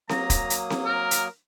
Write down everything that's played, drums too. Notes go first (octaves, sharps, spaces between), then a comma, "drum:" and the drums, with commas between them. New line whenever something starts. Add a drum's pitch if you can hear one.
F#3 A#3 A#5 D#6, drum: snare C4
drum: kick, hi-hat
drum: hi-hat
drum: snare C4
A#4
drum: hi-hat